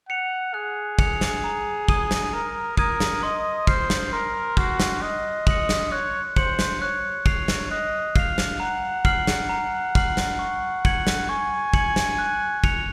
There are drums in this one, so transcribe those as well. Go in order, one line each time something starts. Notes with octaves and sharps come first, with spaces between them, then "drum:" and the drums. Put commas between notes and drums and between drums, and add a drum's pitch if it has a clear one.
F#5 C#7 F7
G#4 F#6
C#7 F7, drum: kick
drum: snare
A#5
D#6 G#6 D#7, drum: kick
drum: snare
A#4 A#5
A#4 D#6 G#6 D#7, drum: kick
drum: snare
D#5 C6
C5 F6 C7, drum: kick
drum: snare
A#4 C6
F#4 F6 C7, drum: kick
drum: snare
D#5 F#6
D#5 C#7 F#7, drum: kick
drum: snare
C#5 F#6
C5 C#7 F#7, drum: kick
drum: snare
C#5 F#6
C7 F7, drum: kick
drum: snare
D#5 F#6
F5 C7 F7, drum: kick
drum: snare
F#5 A#5
F6 C7 F#7, drum: kick
drum: snare
A#5
F6 C7 F#7, drum: kick
drum: snare
C#6
G#6 C#7 F#7, drum: kick
drum: snare
G#5 C#6
G#6 C#7 F#7, drum: kick
drum: snare
F#6
C#7 F7, drum: kick